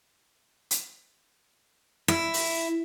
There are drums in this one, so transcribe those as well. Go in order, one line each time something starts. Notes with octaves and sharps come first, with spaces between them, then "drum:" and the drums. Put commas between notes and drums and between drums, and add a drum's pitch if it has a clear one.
drum: hi-hat
E4, drum: rim click
drum: open hi-hat